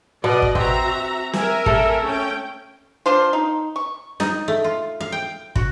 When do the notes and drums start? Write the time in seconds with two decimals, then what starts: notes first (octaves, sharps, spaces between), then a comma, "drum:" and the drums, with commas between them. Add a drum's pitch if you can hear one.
0.24 B2 B3 D5 D#5
0.42 drum: kick
0.55 C4 F#4 E5 A#5, drum: kick
1.33 A#4 E5 G#5, drum: snare
1.66 A3 A4, drum: kick
2.04 C#4 G5
3.06 D4 F4 C5
3.33 D#4
3.76 C#6
4.20 D#4, drum: snare
4.48 A3
4.64 F4
5.01 F5
5.12 G5
5.55 F#4, drum: kick